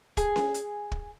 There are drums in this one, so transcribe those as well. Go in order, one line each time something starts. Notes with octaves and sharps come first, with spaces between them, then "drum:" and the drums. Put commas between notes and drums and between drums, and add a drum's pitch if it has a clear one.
G#4, drum: kick, hi-hat
drum: snare C#4
drum: hi-hat
drum: kick